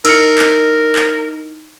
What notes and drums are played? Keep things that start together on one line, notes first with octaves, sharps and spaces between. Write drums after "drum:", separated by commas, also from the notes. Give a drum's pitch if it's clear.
D#4 E4 A#4 E6 F6 C#7, drum: cymbal
drum: clap
drum: clap